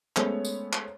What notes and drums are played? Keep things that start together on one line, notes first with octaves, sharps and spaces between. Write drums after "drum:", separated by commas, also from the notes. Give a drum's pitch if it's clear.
G#3 A3 B3 C#4 C5 C#5, drum: clap
drum: tambourine
drum: clap